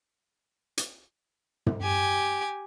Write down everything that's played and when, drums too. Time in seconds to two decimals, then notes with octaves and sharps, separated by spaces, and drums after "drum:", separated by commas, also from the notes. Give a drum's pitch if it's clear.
0.78 drum: hi-hat
1.66 drum: tom
1.82 G4 G#5